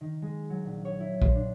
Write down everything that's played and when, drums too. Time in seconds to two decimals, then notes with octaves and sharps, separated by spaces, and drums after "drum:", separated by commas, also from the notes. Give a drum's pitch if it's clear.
0.01 D#3
0.22 G#3
0.50 F#3
0.65 A#1
0.85 C#5
1.00 E4
1.22 C6, drum: kick A#1
1.34 D4